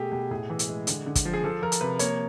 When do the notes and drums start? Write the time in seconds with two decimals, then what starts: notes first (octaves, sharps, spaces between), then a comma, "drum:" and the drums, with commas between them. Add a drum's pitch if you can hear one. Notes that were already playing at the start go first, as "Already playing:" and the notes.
Already playing: B2 A3 G4 G#4
0.12 B2 G4
0.31 A2 G#4
0.50 E3
0.59 drum: hi-hat
0.68 G#3
0.87 D3, drum: hi-hat
1.06 D3
1.15 drum: kick, hi-hat
1.25 F3
1.33 G#4
1.44 F3 A4
1.62 F3 A#4
1.72 drum: hi-hat
1.81 C3 B4
1.99 A#3 C#5, drum: hi-hat